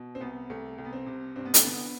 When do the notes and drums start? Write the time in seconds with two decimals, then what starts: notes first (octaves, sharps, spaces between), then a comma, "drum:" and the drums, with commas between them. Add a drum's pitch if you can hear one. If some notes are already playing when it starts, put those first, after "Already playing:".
Already playing: B2
0.15 C4
0.20 C2 B3
0.50 C2 A3
0.78 C2
0.84 B3
0.93 C4
1.06 C3
1.36 G2 C4
1.45 B3
1.54 A3, drum: hi-hat
1.63 D3 B3